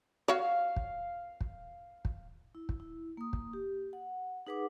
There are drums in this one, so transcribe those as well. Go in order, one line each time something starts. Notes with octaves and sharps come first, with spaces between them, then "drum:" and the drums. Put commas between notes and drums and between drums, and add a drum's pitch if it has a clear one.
F#4 C#5 F5
drum: kick
drum: kick
drum: kick
E4
drum: kick
E4
A#3 D#6
drum: kick
G4
F#5
D#4 G#4 B4 F#5 D6